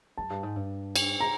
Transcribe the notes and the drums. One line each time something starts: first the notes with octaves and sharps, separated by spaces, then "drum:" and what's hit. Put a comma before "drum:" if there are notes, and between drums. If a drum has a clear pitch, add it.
F#2 A5
G2
G#2
G2
drum: cymbal
A#5